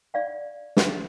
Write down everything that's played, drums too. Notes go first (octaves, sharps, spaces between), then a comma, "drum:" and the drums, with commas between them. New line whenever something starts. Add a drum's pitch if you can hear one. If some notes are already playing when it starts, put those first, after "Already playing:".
D5 F5 F#5
drum: snare